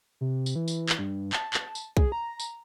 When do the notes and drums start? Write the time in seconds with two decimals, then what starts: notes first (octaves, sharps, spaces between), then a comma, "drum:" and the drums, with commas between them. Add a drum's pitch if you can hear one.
0.21 C3
0.46 drum: tambourine
0.56 E3
0.68 drum: tambourine
0.89 drum: clap
0.99 G2
1.33 A5, drum: clap
1.54 drum: clap
1.75 drum: tambourine
1.97 G#4, drum: kick
2.12 A#5
2.40 drum: tambourine